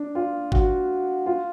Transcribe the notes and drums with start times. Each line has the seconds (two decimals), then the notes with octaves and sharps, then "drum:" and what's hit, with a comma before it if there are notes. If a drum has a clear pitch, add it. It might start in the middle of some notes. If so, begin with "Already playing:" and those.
Already playing: D4
0.15 F4
0.52 F#4, drum: kick
1.26 F4